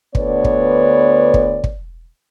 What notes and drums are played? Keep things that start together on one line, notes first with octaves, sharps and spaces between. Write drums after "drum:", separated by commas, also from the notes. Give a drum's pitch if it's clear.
D2 D3 B3 B4 C#5 D5, drum: kick
drum: kick
drum: kick
drum: kick